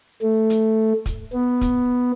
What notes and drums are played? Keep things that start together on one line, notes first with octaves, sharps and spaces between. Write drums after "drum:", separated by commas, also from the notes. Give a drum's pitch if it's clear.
A3
drum: hi-hat
drum: kick, hi-hat
B3
drum: kick, hi-hat